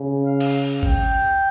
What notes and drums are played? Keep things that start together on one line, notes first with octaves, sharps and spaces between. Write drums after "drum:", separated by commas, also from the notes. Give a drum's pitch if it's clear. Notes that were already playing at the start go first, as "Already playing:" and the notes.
Already playing: C#3
F5
drum: cymbal
G5, drum: kick